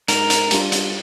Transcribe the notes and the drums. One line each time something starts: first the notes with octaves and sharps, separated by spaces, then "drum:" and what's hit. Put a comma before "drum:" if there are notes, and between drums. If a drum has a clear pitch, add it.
G#2 A#4, drum: hi-hat
drum: hi-hat
G3 D4 F4, drum: hi-hat
drum: hi-hat